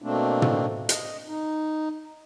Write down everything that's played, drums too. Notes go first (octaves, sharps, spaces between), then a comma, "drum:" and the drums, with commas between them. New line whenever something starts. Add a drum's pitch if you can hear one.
B2 A3 A#3 C4 D4
drum: tom
D#5, drum: hi-hat
D#4